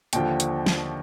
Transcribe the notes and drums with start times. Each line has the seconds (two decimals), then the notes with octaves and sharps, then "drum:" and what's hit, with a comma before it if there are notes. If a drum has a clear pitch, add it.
0.13 D#2 D3 F3 G5, drum: hi-hat
0.40 drum: hi-hat
0.66 drum: snare